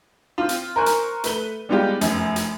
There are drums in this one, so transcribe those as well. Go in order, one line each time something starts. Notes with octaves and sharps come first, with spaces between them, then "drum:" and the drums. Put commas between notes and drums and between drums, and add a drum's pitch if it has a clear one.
C4 F4
drum: hi-hat
A#4 C5 G#5 C#6 F#6
drum: hi-hat
A3 B4 G7, drum: hi-hat
G3 G#3 B3 D#4 F4 G4
F1 F#2, drum: hi-hat
drum: hi-hat